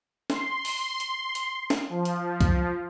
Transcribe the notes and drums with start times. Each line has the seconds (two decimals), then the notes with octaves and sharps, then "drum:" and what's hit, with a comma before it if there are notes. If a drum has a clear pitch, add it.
0.30 C6, drum: snare
0.65 drum: open hi-hat
1.00 drum: hi-hat
1.35 drum: hi-hat
1.70 drum: snare
1.90 F3
2.05 drum: hi-hat
2.41 drum: kick C2, hi-hat